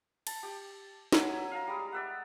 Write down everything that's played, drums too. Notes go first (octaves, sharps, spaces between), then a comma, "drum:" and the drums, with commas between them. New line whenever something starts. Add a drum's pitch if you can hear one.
A5, drum: cymbal
G4
F#3 E5 G#5, drum: snare
F5 A#5
G3 G#3
D5 E5 F#5